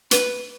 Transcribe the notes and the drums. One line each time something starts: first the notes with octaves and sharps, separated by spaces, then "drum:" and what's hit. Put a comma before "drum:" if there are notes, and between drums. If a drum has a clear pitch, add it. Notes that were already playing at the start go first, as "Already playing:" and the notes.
B4, drum: hi-hat